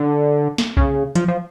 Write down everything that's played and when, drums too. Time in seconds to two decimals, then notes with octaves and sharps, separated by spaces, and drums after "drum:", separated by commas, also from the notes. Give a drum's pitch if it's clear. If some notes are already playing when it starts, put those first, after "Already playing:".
Already playing: D3
0.58 drum: snare
0.77 C#3, drum: kick B1
1.15 F3, drum: hi-hat
1.28 F3